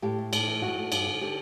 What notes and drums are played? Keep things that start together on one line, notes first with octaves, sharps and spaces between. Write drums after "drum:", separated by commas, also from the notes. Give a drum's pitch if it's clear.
A2 G4
A3
A2, drum: cymbal
E3
G2 F#4
A3
G2, drum: cymbal
D3
D3 G4